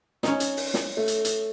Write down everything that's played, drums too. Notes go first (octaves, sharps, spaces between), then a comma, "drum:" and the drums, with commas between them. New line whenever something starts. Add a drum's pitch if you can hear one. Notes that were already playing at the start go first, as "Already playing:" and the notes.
C#4 D#4, drum: snare
drum: hi-hat
drum: open hi-hat
drum: snare
A3
drum: hi-hat
drum: hi-hat